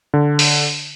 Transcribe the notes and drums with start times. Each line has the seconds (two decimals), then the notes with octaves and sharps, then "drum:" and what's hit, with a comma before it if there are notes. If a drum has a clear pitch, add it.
0.14 D3
0.39 drum: open hi-hat